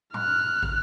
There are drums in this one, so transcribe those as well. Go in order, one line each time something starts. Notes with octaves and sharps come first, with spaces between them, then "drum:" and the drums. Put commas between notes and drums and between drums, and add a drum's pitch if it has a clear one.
F6 F#6, drum: tom
drum: kick